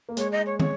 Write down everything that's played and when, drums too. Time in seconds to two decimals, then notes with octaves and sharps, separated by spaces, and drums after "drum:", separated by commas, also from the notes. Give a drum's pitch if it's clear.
0.09 A#3
0.17 G#3 C#5, drum: hi-hat
0.32 D#5
0.46 C#5
0.60 C#5, drum: tom